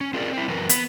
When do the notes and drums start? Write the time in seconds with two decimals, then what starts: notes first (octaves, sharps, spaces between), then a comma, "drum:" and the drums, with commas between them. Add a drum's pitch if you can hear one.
0.01 C#4
0.14 C4 F4 G#4 A#4 D5
0.33 C4 E4
0.48 F#2 E3 A#4 B4
0.69 B3, drum: hi-hat